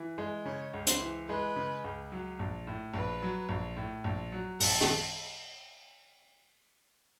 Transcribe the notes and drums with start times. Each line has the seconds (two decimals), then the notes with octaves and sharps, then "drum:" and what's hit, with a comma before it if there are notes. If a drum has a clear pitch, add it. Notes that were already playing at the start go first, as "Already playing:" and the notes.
Already playing: E3
0.18 G#3
0.45 C#3 C#5
0.73 C#2
0.87 C5, drum: hi-hat
1.00 E3
1.28 G#3 B4
1.56 C#3
1.84 C#2
2.12 F#3
2.39 A#1
2.67 A2
2.94 A#1 B4
3.22 F#3
3.49 A#1
3.76 A2
4.04 A#1
4.32 F#3
4.60 A#1 A4, drum: open hi-hat
4.81 drum: rim click